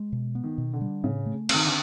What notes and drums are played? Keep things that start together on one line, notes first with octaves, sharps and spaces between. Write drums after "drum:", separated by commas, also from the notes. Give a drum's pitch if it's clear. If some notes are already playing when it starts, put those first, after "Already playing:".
Already playing: G#3
B2
B3
D#3
B2
D3
G3
A2 C#3
A3
D#3 C4, drum: cymbal
D3